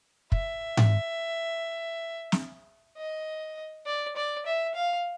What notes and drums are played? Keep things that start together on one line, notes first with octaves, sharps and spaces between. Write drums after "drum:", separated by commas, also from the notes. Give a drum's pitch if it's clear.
E5, drum: kick
drum: tom G#2
drum: snare
D#5
D5
D5
E5
F5